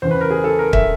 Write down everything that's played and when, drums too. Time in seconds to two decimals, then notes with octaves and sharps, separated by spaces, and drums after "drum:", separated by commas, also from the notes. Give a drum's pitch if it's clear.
0.02 E2 C#3 E3 C5
0.11 B4
0.21 A#4
0.31 G#4
0.44 A4
0.59 A#4
0.73 E5, drum: kick